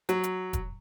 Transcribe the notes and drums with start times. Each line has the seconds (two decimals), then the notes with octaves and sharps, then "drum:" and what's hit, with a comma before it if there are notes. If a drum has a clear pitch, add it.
0.09 F#3, drum: hi-hat
0.24 drum: hi-hat
0.53 drum: kick E1, hi-hat